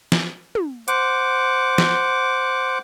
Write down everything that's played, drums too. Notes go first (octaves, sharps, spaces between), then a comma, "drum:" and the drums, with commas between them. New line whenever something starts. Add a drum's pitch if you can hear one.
drum: snare
drum: tom
C5 F#5 D6, drum: hi-hat
drum: snare